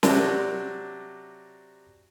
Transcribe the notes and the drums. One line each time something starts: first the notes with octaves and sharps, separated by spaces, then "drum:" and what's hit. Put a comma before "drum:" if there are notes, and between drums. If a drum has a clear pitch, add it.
C3 F#3 D4, drum: snare